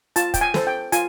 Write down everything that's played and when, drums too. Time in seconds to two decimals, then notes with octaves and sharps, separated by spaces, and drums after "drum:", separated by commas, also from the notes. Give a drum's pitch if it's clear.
0.16 F4 A5, drum: hi-hat
0.34 G5, drum: kick, hi-hat
0.41 G#5
0.54 A4 C5, drum: snare
0.67 G5
0.92 F4 G#5, drum: hi-hat